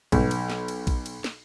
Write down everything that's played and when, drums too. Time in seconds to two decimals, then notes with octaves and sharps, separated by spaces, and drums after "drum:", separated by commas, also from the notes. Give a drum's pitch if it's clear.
0.12 B1, drum: kick A#1, cymbal
0.31 drum: cymbal
0.50 drum: snare
0.68 drum: cymbal
0.87 drum: kick A#1, cymbal
1.06 drum: cymbal
1.24 drum: snare